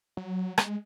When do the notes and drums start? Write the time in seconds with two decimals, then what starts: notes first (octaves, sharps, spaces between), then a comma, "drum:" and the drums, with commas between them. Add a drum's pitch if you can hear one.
0.17 F#3
0.58 G#3, drum: rim click